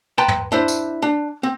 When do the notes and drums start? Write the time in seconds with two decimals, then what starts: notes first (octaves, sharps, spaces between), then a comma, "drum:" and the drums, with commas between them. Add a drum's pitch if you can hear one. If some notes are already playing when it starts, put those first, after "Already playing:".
0.18 B4 G5 A5 A#5 C6
0.28 drum: tom
0.52 D4 E4 C5
0.68 drum: tambourine
1.02 D4
1.43 C4